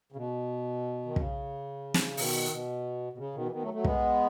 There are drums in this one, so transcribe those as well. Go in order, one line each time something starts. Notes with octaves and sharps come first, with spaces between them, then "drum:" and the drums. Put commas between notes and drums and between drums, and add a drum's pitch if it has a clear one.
C#3
B2
D#3
C#3, drum: kick
drum: snare
B2 D#3, drum: open hi-hat
B2
B2
C#3
B2 D#3
E3
B2 D#3
F#3 A3
F#3 A3
G#3 B3, drum: kick